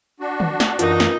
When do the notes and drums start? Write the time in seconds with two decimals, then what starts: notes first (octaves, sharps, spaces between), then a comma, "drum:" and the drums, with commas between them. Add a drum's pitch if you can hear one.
0.20 D4 F#4
0.40 drum: tom D3
0.60 drum: snare
0.79 F#2 E3 D#4 F4 A#4, drum: hi-hat
1.00 drum: snare